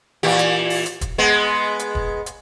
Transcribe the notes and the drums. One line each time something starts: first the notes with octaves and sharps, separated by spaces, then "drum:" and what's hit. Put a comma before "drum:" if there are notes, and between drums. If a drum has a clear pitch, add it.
A#2 E3 G4
drum: hi-hat
drum: open hi-hat
drum: hi-hat
drum: kick, hi-hat
G#3 B3
drum: hi-hat
drum: kick
drum: hi-hat